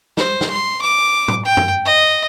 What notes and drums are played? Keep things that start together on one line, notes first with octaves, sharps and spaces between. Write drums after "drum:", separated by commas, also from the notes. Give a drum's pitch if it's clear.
C5, drum: snare
drum: snare
C6
D6
drum: tom A2
G5
drum: tom F#2
D#5